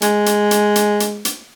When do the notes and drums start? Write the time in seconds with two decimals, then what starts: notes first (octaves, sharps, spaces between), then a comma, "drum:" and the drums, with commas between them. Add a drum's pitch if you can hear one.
0.02 G#3, drum: hi-hat
0.26 drum: hi-hat
0.51 drum: hi-hat
0.76 drum: hi-hat
1.00 drum: hi-hat
1.25 drum: hi-hat